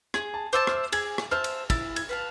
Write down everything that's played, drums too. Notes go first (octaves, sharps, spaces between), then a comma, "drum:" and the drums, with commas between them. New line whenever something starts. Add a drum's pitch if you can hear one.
G#4 G#6, drum: rim click
A5
C5 E5 A5 D6
F6, drum: rim click
E6
G#4 G#6, drum: cymbal
drum: rim click
C5 E5 A5 F6
drum: cymbal
E4 A6, drum: kick, cymbal
G#6, drum: cymbal
B4 F5 A5